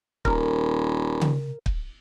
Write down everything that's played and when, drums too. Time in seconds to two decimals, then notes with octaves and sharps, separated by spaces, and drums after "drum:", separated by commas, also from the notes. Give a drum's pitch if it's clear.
0.25 D#1 A#4, drum: kick
1.21 drum: tom C#3
1.66 drum: kick